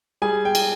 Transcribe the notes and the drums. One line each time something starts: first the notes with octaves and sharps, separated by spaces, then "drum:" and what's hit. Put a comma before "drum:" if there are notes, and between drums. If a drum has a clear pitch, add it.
G3 G#4 G#5
G5
drum: cymbal